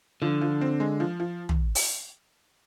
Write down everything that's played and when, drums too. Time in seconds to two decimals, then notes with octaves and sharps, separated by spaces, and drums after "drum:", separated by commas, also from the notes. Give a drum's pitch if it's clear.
0.22 D3 F3
0.41 F3
0.61 C4
0.80 G#3
1.00 F3
1.20 F3
1.49 drum: tom
1.75 drum: open hi-hat